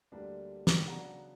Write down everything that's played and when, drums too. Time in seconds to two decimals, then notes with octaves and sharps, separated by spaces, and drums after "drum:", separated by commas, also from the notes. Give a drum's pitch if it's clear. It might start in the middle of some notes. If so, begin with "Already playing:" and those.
0.12 D2 D3 G3 A#3 D4
0.67 drum: snare
0.76 G5
0.88 C#3 F#3 B3 D4 F#5 A#5